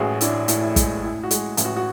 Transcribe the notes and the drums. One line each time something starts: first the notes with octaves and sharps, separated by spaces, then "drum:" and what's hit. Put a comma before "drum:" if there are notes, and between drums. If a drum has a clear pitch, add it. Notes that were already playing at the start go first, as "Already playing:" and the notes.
Already playing: A1 A2 G#3 F#4 G#4 C#5
D4 E4, drum: hi-hat
A2, drum: hi-hat
E4
G#3, drum: kick, hi-hat
A2 E4
F#4
G#3, drum: hi-hat
A1, drum: hi-hat
F#4
F#4